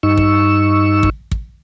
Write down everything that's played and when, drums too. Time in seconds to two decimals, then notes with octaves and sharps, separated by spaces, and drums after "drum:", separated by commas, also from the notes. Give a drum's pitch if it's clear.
0.03 G2 D#4 C#6 E6
0.17 drum: kick
1.03 drum: kick
1.31 drum: kick